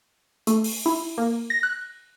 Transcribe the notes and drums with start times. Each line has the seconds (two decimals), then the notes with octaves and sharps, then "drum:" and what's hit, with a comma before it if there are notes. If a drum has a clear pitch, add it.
0.47 A3, drum: hi-hat
0.64 drum: open hi-hat
0.86 E4
1.18 A#3
1.50 A#6
1.63 F#6